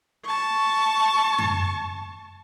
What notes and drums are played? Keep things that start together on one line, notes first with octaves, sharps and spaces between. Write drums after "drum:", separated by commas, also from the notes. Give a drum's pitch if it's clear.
A5 C#6
drum: tom F#2